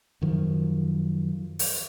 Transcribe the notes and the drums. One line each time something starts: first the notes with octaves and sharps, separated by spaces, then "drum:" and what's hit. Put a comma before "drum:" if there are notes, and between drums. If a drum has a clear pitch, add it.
F#2 D#3 F3
drum: open hi-hat